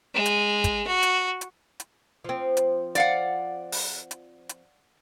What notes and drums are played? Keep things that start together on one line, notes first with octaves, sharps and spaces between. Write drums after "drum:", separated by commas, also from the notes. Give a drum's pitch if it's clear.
G#3
drum: hi-hat
drum: kick, hi-hat
F#4
drum: hi-hat
drum: hi-hat
drum: hi-hat
F3 C4
drum: hi-hat
D5 F5 F#5, drum: hi-hat
drum: open hi-hat
drum: hi-hat
drum: hi-hat